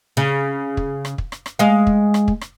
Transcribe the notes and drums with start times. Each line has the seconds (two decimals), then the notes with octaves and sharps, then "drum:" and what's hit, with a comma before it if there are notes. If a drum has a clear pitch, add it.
0.17 C#3
0.77 drum: kick
1.05 drum: rim click
1.18 drum: kick
1.32 drum: rim click
1.46 drum: rim click
1.59 G#3 F5
1.87 drum: kick
2.14 drum: rim click
2.28 drum: kick
2.41 drum: rim click